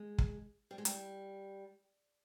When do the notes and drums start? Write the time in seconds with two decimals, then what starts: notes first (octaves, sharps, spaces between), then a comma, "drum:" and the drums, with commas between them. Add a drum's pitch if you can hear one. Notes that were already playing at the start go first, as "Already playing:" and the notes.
Already playing: G#3
0.18 drum: kick
0.71 G3
0.78 G#3
0.85 G3, drum: hi-hat